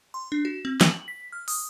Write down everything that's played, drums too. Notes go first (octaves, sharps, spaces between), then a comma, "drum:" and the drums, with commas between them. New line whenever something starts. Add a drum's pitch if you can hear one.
C6
D4
F#4
C4
F#7, drum: snare
B6
F6
D#6, drum: open hi-hat